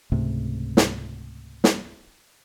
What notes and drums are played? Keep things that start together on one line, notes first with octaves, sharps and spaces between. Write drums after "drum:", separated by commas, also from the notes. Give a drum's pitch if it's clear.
C#2 G#2 C3 A3
drum: snare
drum: snare